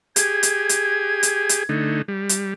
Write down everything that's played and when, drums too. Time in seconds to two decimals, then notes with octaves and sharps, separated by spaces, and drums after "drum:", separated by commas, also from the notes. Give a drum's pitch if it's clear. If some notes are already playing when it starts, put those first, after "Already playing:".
0.16 G4 G#4 G#6, drum: hi-hat
0.43 drum: hi-hat
0.69 drum: hi-hat
1.23 drum: hi-hat
1.49 drum: hi-hat
1.69 D3 A3 D#4
2.08 G3
2.29 drum: hi-hat